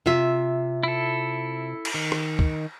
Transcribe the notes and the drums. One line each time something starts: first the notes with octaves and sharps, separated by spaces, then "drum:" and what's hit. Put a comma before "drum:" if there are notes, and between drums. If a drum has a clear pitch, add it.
C3 F4 E5
E4 A4
drum: cymbal
D#3
drum: rim click
drum: kick